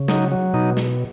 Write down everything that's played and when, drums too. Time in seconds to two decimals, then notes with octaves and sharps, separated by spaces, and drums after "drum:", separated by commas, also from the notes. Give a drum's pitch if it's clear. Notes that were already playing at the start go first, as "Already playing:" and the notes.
Already playing: C#3
0.08 F#3 D#4, drum: snare
0.32 F#3
0.54 B2 D#4
0.77 drum: snare